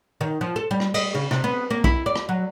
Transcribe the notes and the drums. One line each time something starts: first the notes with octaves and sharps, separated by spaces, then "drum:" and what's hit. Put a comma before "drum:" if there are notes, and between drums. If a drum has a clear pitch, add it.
D#3
F3
A4
G3
drum: rim click
D#5, drum: cymbal
C#3
C3, drum: rim click
B3
A#3
E4, drum: kick
D5
drum: rim click
F#3